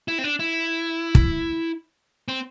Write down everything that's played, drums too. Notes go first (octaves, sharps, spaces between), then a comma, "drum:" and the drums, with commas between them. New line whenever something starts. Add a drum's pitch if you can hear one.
E4
C4
D4
E4
drum: kick
C4